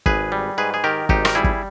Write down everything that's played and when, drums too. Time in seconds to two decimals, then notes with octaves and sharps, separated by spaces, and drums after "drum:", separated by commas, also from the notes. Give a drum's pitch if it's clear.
0.06 G#1 G#4 B4, drum: kick
0.32 G3
0.58 G#2 G#4 B4
0.74 G#4
0.84 D#3 G4 A#4
1.09 G#1 D#4 G4, drum: kick
1.25 A#4, drum: rim click
1.35 G3 E4 G#4
1.44 drum: kick